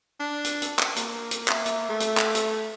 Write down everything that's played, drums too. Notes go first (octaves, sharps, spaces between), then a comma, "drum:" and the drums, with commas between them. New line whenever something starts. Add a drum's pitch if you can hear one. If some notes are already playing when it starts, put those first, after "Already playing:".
D4
drum: hi-hat
drum: hi-hat
drum: clap
A#3, drum: hi-hat
drum: hi-hat
E5, drum: clap
drum: hi-hat
A3
drum: hi-hat
drum: clap
drum: hi-hat